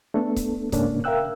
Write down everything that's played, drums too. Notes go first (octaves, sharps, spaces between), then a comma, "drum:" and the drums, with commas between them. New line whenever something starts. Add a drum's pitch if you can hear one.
A3 B3 D4 A4
drum: kick C#1, hi-hat
G#2 C#3 A#3 C#4 D4, drum: kick C#1, hi-hat
A#4 E5 F5 G5 E6 F#6